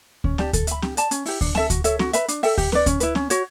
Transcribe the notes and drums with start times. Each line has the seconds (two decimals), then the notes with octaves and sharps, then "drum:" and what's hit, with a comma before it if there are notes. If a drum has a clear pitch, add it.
0.24 C#4, drum: kick D2
0.38 G4 D5 A5, drum: snare C4
0.53 A4, drum: kick D2, hi-hat
0.67 E5 B5, drum: hi-hat
0.82 G4, drum: snare C4
0.97 D5 A5, drum: hi-hat
1.11 C#4, drum: hi-hat
1.26 E4 G4, drum: open hi-hat
1.41 D4, drum: kick D2, open hi-hat
1.55 A4 E5 A5, drum: snare C4
1.70 F#4, drum: kick D2, hi-hat
1.84 A4 C#5 E5, drum: hi-hat
1.99 F#4, drum: snare C4
2.13 B4 E5 B5, drum: hi-hat
2.28 D4, drum: hi-hat
2.43 A4 E5 G5, drum: open hi-hat
2.58 G4, drum: kick D2, open hi-hat
2.72 B4 D5, drum: snare C4
2.86 C#4, drum: kick D2, hi-hat
3.00 E4 B4, drum: hi-hat
3.15 C#4, drum: snare C4
3.30 F#4 C#5, drum: hi-hat